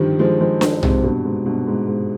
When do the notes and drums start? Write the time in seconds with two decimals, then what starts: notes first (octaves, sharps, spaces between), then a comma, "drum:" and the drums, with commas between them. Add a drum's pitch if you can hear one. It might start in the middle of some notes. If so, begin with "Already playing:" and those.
Already playing: G2 D3 D#3 F3 G3
0.19 F3 G#3
0.41 F3 G#3
0.61 drum: snare D4
0.83 G#2 C3, drum: tom B1
1.04 G2 B2
1.25 G#2
1.46 G2 B2
1.67 G#2
1.88 G#2